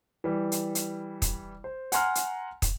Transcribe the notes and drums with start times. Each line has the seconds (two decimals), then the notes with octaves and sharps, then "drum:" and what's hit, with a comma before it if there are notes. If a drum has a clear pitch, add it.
0.24 E3 G3
0.52 drum: hi-hat
0.75 drum: hi-hat
1.22 drum: kick, hi-hat
1.64 C5
1.92 F#5 G#5 A#5 C6 F6, drum: hi-hat
2.15 drum: hi-hat
2.62 drum: kick, hi-hat